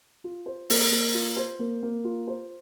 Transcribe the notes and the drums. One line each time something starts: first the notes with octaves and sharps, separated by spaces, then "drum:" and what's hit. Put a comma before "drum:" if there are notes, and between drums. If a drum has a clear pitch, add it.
F4
C5
A#3, drum: open hi-hat
A#3
F4
C5
A#3
A#3
F4
C5